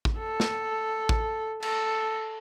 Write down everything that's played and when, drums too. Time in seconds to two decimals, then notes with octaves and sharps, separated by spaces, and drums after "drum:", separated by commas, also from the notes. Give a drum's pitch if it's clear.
0.05 drum: kick
0.18 A4
0.40 drum: snare
1.09 drum: kick
1.62 A4, drum: cymbal